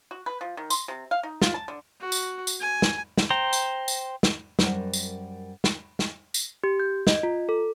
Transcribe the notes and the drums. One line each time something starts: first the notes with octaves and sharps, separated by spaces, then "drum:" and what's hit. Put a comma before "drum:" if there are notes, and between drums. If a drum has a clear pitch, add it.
F#4
B4
F3
D#3
C6, drum: tambourine
C3
F5
D#4
F4, drum: snare
A5
D3
F#4
drum: tambourine
drum: tambourine
G#5
drum: snare
drum: snare
C5 G5 A#5
drum: tambourine
drum: tambourine
drum: snare
F#2 G3 A#4 C5 F#5, drum: snare
drum: tambourine
drum: snare
drum: snare
drum: tambourine
G4
G6
D#5, drum: snare
F4
A4